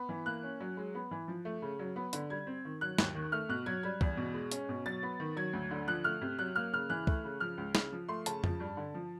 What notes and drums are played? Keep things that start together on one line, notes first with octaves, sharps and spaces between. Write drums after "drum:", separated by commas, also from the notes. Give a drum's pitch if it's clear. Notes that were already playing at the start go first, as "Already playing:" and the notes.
Already playing: B3
E3
A#3 F#6
C#4
F#3
G#3
B3
E3
F3
A3
C#3
F#3
B3
D3, drum: hi-hat
G3 G#6
C4
D#3
F#3 F#6
D#2, drum: snare
D#3
A3 F6
B2 F#6
F#3 G#6
G3 G#6
E2, drum: kick
B2
G#3
C#4, drum: hi-hat
B2
F#3 A6
B3
D#3
F#3 G#6
D2
D3
F3 F#6
A3 F6
C3
F#3 F#6
A#3 F6
C#3 F6
E3 F#6
A3, drum: kick
C#3
F3 F6
C#2
C#3, drum: snare
F3
A3 C6
C#3 A5, drum: hi-hat
F3, drum: tom F2
G2
D3
F3